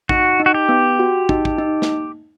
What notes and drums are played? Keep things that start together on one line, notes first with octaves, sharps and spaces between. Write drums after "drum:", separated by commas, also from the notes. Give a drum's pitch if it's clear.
D#4 F#4, drum: kick
D#4
F#4
G4
B3
F#4
D#4, drum: kick
drum: kick
D#4
drum: snare